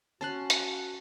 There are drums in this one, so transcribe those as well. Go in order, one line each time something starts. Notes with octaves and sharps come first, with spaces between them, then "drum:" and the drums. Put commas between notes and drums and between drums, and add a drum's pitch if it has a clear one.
C#4 F#4 A5 C6 F#6
drum: hi-hat